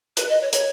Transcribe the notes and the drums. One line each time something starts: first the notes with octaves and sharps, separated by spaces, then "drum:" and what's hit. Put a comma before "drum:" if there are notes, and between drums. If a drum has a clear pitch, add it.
B4, drum: hi-hat
D#5
C#5
C#5, drum: hi-hat